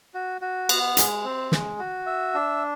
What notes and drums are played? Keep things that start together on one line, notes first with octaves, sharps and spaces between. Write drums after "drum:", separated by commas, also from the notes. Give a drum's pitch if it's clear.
F#4
F#4
B3, drum: cymbal
G#3, drum: hi-hat
C4
G#3, drum: snare
F#4
E5
D4